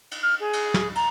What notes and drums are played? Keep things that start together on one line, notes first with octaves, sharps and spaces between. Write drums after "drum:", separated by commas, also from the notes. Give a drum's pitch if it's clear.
drum: cymbal
F6
G#4
drum: cymbal
drum: snare
A#5, drum: cymbal